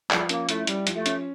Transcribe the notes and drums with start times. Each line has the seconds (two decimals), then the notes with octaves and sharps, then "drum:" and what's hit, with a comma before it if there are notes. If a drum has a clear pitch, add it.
0.10 F3 G3, drum: clap
0.29 A#3 C#4, drum: hi-hat
0.49 A3 E4, drum: hi-hat
0.67 G3 G4, drum: hi-hat
0.87 F3, drum: hi-hat
0.95 A3
1.06 C#4, drum: hi-hat